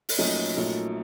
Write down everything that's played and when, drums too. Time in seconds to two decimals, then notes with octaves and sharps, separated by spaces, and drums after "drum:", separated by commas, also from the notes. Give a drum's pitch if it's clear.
0.09 drum: open hi-hat
0.18 A#1 A#2 F#3 A3 C#4 D#4
0.55 A#1 A#2 F#3 A3